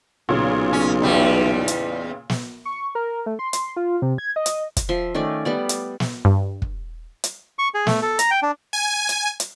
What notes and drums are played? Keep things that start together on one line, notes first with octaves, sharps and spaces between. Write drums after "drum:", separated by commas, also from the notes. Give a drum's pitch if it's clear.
B1 A#2 C#3
C#4
E2 G3 D#4
drum: hi-hat
drum: snare
C#6
A#4
A3
C6
C6, drum: hi-hat
F4
C3
G#6
D#5
drum: hi-hat
drum: kick, hi-hat
F3 E5 C6
D#3 A3 C#4 D5
G3 B3 D5
drum: hi-hat
drum: snare
G2
drum: kick
drum: hi-hat
C#6
G#4
A3, drum: snare
A4
A#5, drum: hi-hat
G5
D4
G#5
drum: hi-hat
drum: hi-hat